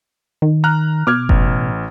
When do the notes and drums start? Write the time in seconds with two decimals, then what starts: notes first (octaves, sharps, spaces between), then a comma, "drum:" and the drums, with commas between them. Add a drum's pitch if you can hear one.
0.42 D#3
0.64 A#5 F6 F#6
1.07 B2 D6 F6 G#6
1.29 A1, drum: kick F#1